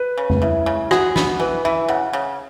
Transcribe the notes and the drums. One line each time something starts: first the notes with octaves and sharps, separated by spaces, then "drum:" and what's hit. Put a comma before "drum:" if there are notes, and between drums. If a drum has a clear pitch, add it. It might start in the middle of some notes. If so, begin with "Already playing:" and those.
Already playing: B4
C#3
drum: tom F2
C#3 E4
C#3
F#4 G#4, drum: rim click
B3, drum: snare
E3 B4
E3 E5
C#3 F#5
C#3